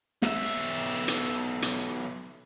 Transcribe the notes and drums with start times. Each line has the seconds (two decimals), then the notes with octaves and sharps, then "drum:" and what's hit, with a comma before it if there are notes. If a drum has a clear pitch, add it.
0.22 B1 E5, drum: snare
1.08 drum: hi-hat
1.62 drum: hi-hat